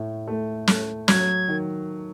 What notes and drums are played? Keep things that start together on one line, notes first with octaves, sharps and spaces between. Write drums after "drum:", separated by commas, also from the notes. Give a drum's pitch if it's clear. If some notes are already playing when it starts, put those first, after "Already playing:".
Already playing: A2 A3
A3
A3, drum: snare
F#3 G#6, drum: snare
D#3